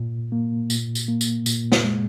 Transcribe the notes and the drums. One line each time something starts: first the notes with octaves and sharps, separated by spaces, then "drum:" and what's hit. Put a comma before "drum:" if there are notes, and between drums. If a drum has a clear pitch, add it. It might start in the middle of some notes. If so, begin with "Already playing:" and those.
Already playing: A#2
A#3
A#2, drum: tambourine
drum: tambourine
A#3
drum: tambourine
A#2, drum: tambourine
drum: snare
G#3